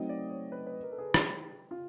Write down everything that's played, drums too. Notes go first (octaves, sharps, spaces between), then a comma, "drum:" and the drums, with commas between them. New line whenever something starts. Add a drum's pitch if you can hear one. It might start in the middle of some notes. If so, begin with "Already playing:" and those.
Already playing: F#3 A3 C4 D#4 F#4 D#5
D5
C#5
B4
B4
A#4
A4
G#4
G4, drum: rim click
F4